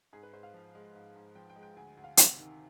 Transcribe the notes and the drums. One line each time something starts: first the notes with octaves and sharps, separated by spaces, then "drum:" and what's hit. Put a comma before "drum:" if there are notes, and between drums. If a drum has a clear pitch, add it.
G#2 G#4
B4
G#2 C5
F5
F3
G#3
G#2
G#2
F3 G5
G5
G#3
G5
D2 G#5
D2
F5
C3 F5, drum: hi-hat
D#3